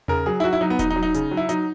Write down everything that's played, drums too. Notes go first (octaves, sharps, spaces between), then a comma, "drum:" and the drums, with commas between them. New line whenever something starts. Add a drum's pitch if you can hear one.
C#3 A#4, drum: tom E2
F#3 G#4
E4
F#3 F#4
E4
F#3 D#4
B3
F#3 D#4, drum: kick D#1, hi-hat
D#4
F#3
D#4
C#3, drum: hi-hat
F#3
E4
F#3 D#4, drum: hi-hat